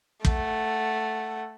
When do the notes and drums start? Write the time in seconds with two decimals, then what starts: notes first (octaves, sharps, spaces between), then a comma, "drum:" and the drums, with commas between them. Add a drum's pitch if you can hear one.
0.25 A3 F#5, drum: kick